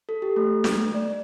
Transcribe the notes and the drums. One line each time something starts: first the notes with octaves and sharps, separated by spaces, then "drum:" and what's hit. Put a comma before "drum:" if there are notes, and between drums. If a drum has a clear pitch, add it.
A4
G4
A3
A3, drum: snare
D5